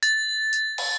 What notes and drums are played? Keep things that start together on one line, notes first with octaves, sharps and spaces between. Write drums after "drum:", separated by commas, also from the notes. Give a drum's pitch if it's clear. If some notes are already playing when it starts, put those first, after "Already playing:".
A6, drum: tambourine
drum: tambourine
drum: cymbal